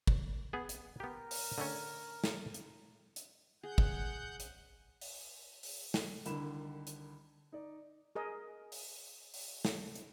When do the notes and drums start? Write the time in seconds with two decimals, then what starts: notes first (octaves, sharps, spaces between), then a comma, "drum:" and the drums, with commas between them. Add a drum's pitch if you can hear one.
0.07 drum: kick
0.53 B3 G#4
0.69 drum: hi-hat
1.00 B3 G4 A#4
1.31 drum: open hi-hat
1.58 D3 A3 C#4
2.24 drum: snare
2.54 drum: hi-hat
3.16 drum: hi-hat
3.63 G#4 F#5 G6
3.78 drum: kick
4.40 drum: hi-hat
5.01 drum: open hi-hat
5.63 drum: open hi-hat
5.94 drum: snare
6.26 C2 D3 D#3 B5 E7, drum: hi-hat
6.87 drum: hi-hat
7.52 D#4 D5
8.15 G#4 A#4 D#5
8.72 drum: open hi-hat
9.34 drum: open hi-hat
9.65 drum: snare
9.95 drum: hi-hat